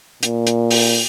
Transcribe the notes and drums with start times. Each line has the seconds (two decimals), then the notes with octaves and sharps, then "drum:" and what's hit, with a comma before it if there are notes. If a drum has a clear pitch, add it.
0.23 A#2, drum: hi-hat
0.47 drum: hi-hat
0.71 drum: open hi-hat